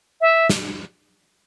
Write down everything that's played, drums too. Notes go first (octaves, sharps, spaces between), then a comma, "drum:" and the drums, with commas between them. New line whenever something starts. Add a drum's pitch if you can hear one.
E5
drum: snare